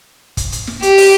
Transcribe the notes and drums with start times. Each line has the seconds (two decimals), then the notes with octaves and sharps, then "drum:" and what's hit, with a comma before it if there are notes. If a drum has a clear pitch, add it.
0.37 drum: kick, hi-hat
0.52 drum: hi-hat
0.67 drum: snare
0.82 G4, drum: hi-hat
0.98 drum: open hi-hat